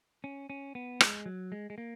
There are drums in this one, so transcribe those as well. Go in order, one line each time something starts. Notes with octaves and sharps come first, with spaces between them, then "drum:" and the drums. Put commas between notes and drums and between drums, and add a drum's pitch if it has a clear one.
C#4
C#4
B3
G#3, drum: rim click
F#3
G#3
G#3
A#3